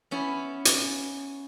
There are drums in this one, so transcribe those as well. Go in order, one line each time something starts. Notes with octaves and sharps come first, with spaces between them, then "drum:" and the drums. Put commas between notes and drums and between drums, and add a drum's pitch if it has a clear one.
B3 C#4 E4
drum: hi-hat